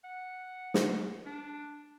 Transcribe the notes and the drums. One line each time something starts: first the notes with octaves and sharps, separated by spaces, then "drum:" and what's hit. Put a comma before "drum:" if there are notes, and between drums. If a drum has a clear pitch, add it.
F#5
drum: snare
D4